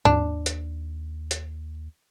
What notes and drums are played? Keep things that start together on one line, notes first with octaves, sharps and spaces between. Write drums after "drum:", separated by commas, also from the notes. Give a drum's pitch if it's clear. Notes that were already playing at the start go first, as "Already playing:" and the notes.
D#2 D4, drum: tom G#2
drum: hi-hat
drum: hi-hat